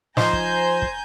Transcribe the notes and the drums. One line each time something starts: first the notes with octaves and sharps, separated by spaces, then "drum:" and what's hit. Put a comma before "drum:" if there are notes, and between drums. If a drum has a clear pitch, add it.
F3 D#4 C5 G#5 A#5 G6, drum: snare
drum: kick
drum: kick